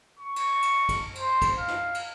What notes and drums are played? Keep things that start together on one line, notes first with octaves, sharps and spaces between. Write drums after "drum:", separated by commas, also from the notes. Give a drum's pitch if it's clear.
C#6
drum: cymbal
drum: cymbal
drum: kick, cymbal
C5, drum: cymbal
drum: kick, cymbal
F5
drum: snare
drum: cymbal